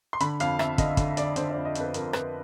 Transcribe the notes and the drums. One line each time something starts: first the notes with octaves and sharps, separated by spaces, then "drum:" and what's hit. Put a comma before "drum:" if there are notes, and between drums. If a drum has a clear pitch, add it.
C6
D3 B5, drum: hi-hat
F2 F5, drum: hi-hat
F2 E5, drum: rim click
D3 D#5, drum: kick, hi-hat
D3, drum: kick, hi-hat
D3 D5, drum: hi-hat
D3 C5, drum: hi-hat
D5
F2
D#5
F2 B4, drum: hi-hat
F2 A#4, drum: hi-hat
F2 B4, drum: rim click